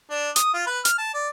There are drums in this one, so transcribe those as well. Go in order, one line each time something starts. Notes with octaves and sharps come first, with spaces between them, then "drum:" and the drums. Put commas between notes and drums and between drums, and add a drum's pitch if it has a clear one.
D4
D#6, drum: hi-hat
F4
B4
F6, drum: hi-hat
A5
D5